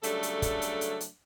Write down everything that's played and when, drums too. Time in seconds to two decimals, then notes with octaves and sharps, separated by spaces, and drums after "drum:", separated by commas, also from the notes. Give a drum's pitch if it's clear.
0.03 C#3 F#3 G3 A3 D4 A4, drum: hi-hat
0.23 drum: hi-hat
0.42 drum: kick, hi-hat
0.62 drum: hi-hat
0.81 drum: hi-hat
1.00 drum: hi-hat